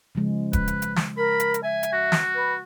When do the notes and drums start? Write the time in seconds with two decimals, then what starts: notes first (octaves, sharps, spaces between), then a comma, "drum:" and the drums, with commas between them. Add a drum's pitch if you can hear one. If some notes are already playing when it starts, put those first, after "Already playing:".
0.15 C#3 F3 G#3
0.53 B4, drum: kick D#1, hi-hat
0.68 drum: hi-hat
0.82 drum: hi-hat
0.96 drum: snare
1.17 A#4 B5
1.40 drum: hi-hat
1.54 drum: hi-hat
1.63 E5 G#5
1.83 drum: hi-hat
1.93 F#4
2.12 drum: snare
2.35 B4